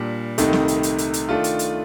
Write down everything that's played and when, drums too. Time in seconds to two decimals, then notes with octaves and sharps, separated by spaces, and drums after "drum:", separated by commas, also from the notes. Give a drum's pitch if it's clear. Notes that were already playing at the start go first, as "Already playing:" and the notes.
Already playing: A#2 G3 D4
0.38 C2 C3 D#3 A3 D#4, drum: hi-hat
0.53 drum: snare
0.68 drum: hi-hat
0.83 drum: hi-hat
0.98 drum: hi-hat
1.14 drum: hi-hat
1.29 D#3 A3 D4 F4
1.44 drum: hi-hat
1.59 drum: hi-hat